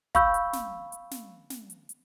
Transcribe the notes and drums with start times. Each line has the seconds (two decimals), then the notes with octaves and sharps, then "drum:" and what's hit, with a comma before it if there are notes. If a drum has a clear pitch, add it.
0.15 F5 B5 C#6 E6 G6, drum: kick, hi-hat
0.34 drum: hi-hat
0.53 drum: snare
0.92 drum: hi-hat
1.12 drum: snare
1.50 drum: snare
1.70 drum: hi-hat
1.89 drum: hi-hat